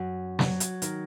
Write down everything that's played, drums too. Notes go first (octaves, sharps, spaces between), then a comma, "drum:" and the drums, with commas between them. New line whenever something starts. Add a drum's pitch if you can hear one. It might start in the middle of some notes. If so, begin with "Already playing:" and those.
Already playing: F#2 F#4
F#3, drum: snare
drum: hi-hat
D#3, drum: hi-hat